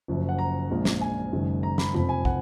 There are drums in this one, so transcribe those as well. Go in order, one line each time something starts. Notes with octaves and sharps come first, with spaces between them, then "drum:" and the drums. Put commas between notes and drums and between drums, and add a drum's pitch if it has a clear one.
F#1 F#2 F3
F#5
A#5
A#1 A#2 F3 G#3
drum: snare
G#5
F#1 F#2 D#3 G#3
A#5
B5, drum: snare
F1 F2 F3 B5
G#5
F#5, drum: kick